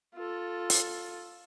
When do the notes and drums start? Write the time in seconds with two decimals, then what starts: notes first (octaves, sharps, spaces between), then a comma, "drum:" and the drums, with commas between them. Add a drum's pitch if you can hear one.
0.15 F4 A4
0.70 drum: hi-hat